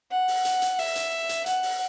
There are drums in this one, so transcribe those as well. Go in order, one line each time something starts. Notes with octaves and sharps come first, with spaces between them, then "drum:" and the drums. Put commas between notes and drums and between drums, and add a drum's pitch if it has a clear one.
F#5
drum: open hi-hat
drum: hi-hat
drum: hi-hat
E5, drum: open hi-hat
drum: hi-hat
drum: hi-hat
F#5, drum: hi-hat
drum: open hi-hat